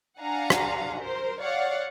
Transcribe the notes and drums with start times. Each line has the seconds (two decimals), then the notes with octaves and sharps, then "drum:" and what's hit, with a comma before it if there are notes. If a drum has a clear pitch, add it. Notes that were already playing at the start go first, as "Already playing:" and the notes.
0.19 D4 F5 F#5 G#5 A#5
0.50 drum: rim click
0.98 A#4 C5
1.40 C#5 D5 F5 F#5